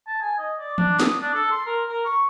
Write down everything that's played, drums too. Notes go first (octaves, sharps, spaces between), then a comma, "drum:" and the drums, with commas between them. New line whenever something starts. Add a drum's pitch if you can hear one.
A5
G#5
D#5
D5
D4, drum: tom E3
D#6, drum: snare
D4
A4
C6
A#4
A#4
C#6